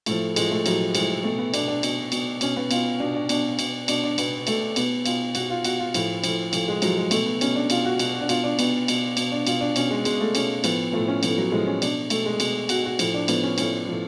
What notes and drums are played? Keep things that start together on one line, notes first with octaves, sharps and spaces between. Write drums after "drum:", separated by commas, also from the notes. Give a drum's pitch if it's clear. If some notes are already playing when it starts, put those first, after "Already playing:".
A2 F3 A3, drum: cymbal
A2 F3 G#3, drum: cymbal
A3
A2 F3 F#3, drum: cymbal
A2 F3 G#3, drum: cymbal
B2 A3
B3
B2 D4, drum: cymbal
D4
B2, drum: cymbal
B2, drum: cymbal
B2 C#4, drum: cymbal
B3
B2 F4, drum: cymbal
B2 D4
D4
B2 D4, drum: cymbal
B2, drum: cymbal
B2 D4, drum: cymbal
D4
B2 B3, drum: cymbal
B2 A3, drum: cymbal
B2 B3, drum: cymbal
B2 F4, drum: cymbal
B2 F#4, drum: cymbal
F4
B2 F#4, drum: cymbal
F4
A2 F3, drum: cymbal
A2 F3, drum: cymbal
A2 F3, drum: cymbal
G#3
A2 F3 F#3, drum: cymbal
G#3
B2 A3, drum: cymbal
B3
B2 C#4, drum: cymbal
D4
B2 F4, drum: cymbal
F#4
B2, drum: cymbal
D4
B2 F4, drum: cymbal
D4
B2 B3, drum: cymbal
B2, drum: cymbal
B2, drum: cymbal
D4
B2 F4, drum: cymbal
D4
B2 C#4, drum: cymbal
G#3
B2 G#3, drum: cymbal
A3
B2 C#4, drum: cymbal
A2 F3 B3, drum: cymbal
F3 A3
A2
C#4
A2 F3 B3, drum: cymbal
F#3
A2 F3 G#3
C#4
B2 D4, drum: cymbal
B2 A3, drum: cymbal
G#3
B2 G#3, drum: cymbal
B2 F#4, drum: cymbal
F#4
A2 F3, drum: cymbal
D4
A2 F3 B3, drum: cymbal
C#4
A2 F3 C#4, drum: cymbal
A2 F3